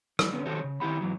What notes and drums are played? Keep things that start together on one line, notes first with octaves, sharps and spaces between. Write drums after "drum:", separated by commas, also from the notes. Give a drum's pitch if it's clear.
E3 G3, drum: rim click
D3 B3 C#4
D#3 F#4 G4 A4 C5 C#5
C#3
D#3 E4 G4 F#5 B5
G#2 E3 F#3